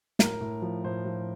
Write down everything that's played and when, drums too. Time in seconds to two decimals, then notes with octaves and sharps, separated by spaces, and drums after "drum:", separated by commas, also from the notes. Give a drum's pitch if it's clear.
0.19 A2 A#4, drum: snare
0.41 A2
0.62 F3
0.84 A2 C5
1.05 F3